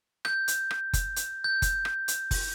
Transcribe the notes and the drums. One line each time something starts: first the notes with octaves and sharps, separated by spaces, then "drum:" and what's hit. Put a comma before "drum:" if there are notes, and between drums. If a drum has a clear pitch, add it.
G6, drum: rim click
drum: hi-hat
drum: rim click
drum: kick F#1, hi-hat
drum: hi-hat
G6
drum: kick F#1, hi-hat
drum: rim click
drum: hi-hat
drum: kick F#1, open hi-hat